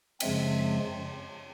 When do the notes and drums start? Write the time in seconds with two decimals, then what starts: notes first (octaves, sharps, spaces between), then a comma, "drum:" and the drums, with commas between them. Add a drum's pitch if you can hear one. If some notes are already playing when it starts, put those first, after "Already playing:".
0.20 F#2 C#3 F3 G#3 C4 E5, drum: cymbal